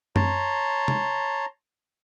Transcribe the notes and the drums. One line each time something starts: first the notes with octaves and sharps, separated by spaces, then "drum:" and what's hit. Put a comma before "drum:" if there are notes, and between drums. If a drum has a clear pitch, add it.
C#5 A5 A#5 C6, drum: tom F#2
drum: tom C3